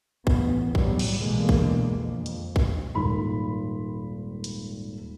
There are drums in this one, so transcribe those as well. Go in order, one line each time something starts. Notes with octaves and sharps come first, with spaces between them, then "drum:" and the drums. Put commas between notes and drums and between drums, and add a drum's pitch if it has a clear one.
A1 B3, drum: kick
B1 A2 F#3 G3, drum: kick
drum: cymbal
B2 D3 E3 G#3 A#3
drum: kick
F2
drum: hi-hat
drum: kick
D#1 G#1 D#3 B5 C6
drum: hi-hat